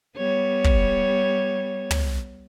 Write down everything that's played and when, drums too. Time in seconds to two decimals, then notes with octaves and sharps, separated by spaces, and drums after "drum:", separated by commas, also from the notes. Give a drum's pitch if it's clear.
0.17 G3 B3 C#5
0.64 drum: kick
1.91 drum: tom